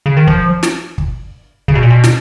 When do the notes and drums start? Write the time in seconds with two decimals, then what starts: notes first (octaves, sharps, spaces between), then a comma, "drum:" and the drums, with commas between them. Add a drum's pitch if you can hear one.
0.06 C#3
0.17 D#3
0.27 F3, drum: kick
0.63 drum: snare
0.98 drum: kick
1.68 C#3, drum: kick
1.75 B2
1.83 A#2
1.90 B2
2.04 drum: snare